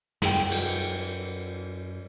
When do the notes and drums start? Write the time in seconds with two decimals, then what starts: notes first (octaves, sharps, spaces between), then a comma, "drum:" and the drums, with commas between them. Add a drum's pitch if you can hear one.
0.22 F#2 G5, drum: snare
0.51 drum: cymbal